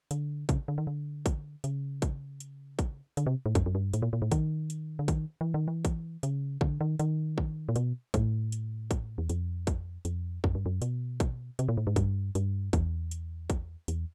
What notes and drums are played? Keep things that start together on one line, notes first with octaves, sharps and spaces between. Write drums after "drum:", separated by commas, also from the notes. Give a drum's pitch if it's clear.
D3, drum: hi-hat
C#3, drum: kick, hi-hat
D3
D#3
D3
drum: kick, hi-hat
C#3, drum: hi-hat
drum: kick, hi-hat
drum: hi-hat
drum: kick, hi-hat
D3, drum: hi-hat
C3
A2
F#2, drum: kick, hi-hat
F#2
G2
A2, drum: hi-hat
A#2
A#2
A2
D#3, drum: kick, hi-hat
drum: hi-hat
D3
D#3, drum: kick, hi-hat
E3
D#3
E3
drum: kick, hi-hat
C#3, drum: hi-hat
D3, drum: kick
D#3
D#3, drum: hi-hat
drum: kick
A#2
B2, drum: hi-hat
A2, drum: kick, hi-hat
drum: hi-hat
drum: kick, hi-hat
E2
F2, drum: hi-hat
drum: kick, hi-hat
F2, drum: hi-hat
F#2, drum: kick
G2
F#2
B2, drum: hi-hat
drum: kick, hi-hat
C3, drum: hi-hat
A#2
A2
G#2
G2, drum: kick, hi-hat
G2, drum: hi-hat
E2, drum: kick, hi-hat
drum: hi-hat
drum: kick, hi-hat
E2, drum: hi-hat